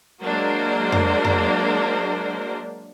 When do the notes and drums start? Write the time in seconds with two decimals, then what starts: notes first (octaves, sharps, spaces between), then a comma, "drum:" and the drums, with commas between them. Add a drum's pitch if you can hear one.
0.23 F#3 G#3 A#3 D4 A#4 C5
0.92 drum: tom F2
1.24 drum: tom F2